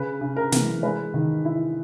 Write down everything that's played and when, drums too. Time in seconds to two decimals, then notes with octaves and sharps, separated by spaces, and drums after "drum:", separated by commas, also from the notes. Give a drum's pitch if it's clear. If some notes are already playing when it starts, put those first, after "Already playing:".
Already playing: C#3 B4
0.21 C#3
0.37 A#4
0.52 E3, drum: snare
0.83 G#3 B4
1.14 D#3
1.45 E4